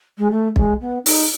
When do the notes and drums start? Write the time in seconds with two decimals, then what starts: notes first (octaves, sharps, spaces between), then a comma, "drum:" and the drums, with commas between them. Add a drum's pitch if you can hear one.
0.18 G#3
0.31 A3
0.56 G#3, drum: kick
0.81 B3
1.06 D#4, drum: open hi-hat